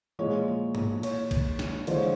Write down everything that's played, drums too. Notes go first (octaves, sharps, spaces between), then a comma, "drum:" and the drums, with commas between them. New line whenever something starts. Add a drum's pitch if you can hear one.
A#2 F3 G#3 C#5
drum: tom
C#5, drum: cymbal
drum: kick A#1, cymbal
drum: snare
D3 F3 G#3 C5, drum: cymbal
C#5